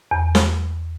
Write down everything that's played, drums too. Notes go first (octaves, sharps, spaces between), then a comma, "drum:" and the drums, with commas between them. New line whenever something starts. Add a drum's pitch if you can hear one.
E2
drum: snare